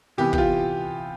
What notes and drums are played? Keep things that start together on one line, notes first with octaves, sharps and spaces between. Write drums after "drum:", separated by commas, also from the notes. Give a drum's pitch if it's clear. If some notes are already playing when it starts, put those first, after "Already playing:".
C3 E3 B3 G4
G4, drum: kick
F4